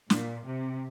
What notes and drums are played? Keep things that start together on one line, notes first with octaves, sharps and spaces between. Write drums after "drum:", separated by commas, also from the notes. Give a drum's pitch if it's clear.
A#2, drum: snare
C3